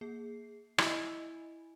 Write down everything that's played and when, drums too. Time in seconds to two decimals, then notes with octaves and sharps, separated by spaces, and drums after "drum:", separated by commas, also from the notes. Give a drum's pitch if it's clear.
0.01 A#3 G#4 C7
0.78 E4 D#5 G#5 B5, drum: rim click